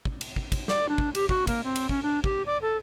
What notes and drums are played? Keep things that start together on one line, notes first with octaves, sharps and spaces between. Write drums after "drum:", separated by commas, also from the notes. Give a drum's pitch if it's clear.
drum: kick
drum: cymbal
drum: kick
drum: kick, cymbal
D5, drum: snare
D4
drum: kick
G4, drum: cymbal
F#4, drum: kick
A#3, drum: kick, cymbal
C4
drum: cymbal
C#4, drum: kick
D4
G4, drum: kick
D5
A4